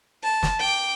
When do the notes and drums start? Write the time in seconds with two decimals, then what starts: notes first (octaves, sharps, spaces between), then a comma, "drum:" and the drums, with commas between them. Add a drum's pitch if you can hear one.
0.23 A5
0.43 drum: snare
0.60 G5 D6